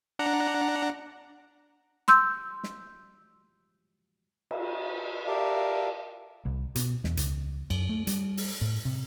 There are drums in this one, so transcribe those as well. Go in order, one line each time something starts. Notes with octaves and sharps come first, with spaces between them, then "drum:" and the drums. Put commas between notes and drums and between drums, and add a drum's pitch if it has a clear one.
D4 F#5 A#5
C6 E6 G6, drum: snare
drum: snare
drum: cymbal
G4 A#4 D5 E5 F5 A5
C2
B2, drum: hi-hat
E2, drum: snare
C#2, drum: hi-hat
F#2, drum: cymbal
A3
G3, drum: hi-hat
drum: open hi-hat
A2
C3